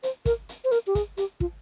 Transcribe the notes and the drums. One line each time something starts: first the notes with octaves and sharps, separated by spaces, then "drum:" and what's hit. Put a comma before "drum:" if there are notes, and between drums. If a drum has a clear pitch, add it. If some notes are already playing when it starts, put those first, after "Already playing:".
C5, drum: hi-hat
A#4, drum: kick, hi-hat
drum: hi-hat
C5
A#4, drum: hi-hat
G4
G#4, drum: kick, hi-hat
G4, drum: hi-hat
F4, drum: kick